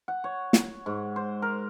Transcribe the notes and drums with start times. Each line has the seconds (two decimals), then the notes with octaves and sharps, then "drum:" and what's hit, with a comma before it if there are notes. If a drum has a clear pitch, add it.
0.08 F#5
0.24 C#5
0.53 drum: snare
0.86 G#2
1.16 C5
1.42 A#4